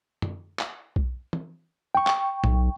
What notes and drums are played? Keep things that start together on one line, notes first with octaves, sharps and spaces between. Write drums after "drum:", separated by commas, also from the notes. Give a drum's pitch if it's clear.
drum: tom F#2
drum: clap
drum: kick B1
drum: tom
G5 C#6
drum: clap
B1, drum: tom A2